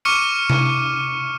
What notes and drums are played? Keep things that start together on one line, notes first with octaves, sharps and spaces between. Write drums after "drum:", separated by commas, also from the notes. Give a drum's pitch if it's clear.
C#6 D6 F6 C#7 D#7
drum: tom C3